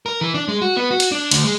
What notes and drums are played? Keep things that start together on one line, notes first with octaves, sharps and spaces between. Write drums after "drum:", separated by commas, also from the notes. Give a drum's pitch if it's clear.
A#4
E3
D4
G#3
F#4
B3
F#4
drum: cymbal
D4
D2, drum: cymbal
G#3